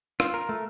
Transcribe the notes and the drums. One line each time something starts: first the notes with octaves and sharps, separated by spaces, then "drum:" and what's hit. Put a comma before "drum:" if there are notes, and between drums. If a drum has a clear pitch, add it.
F4, drum: rim click
A#4
A3